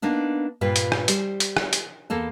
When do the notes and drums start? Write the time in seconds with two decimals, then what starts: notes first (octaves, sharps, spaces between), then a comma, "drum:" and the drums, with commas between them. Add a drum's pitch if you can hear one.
0.02 A#3 B3 D4 D#4
0.61 G2 A#2 F4 B4 G5
0.76 drum: hi-hat
0.92 drum: rim click
1.08 G3 C5, drum: hi-hat
1.40 drum: hi-hat
1.57 drum: rim click
1.73 drum: hi-hat
2.10 E2 A#3 A4 A5